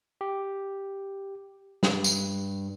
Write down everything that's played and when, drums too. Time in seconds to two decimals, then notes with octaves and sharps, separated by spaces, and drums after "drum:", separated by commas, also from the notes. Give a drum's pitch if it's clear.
0.21 G4
1.83 G2, drum: snare
2.04 drum: tambourine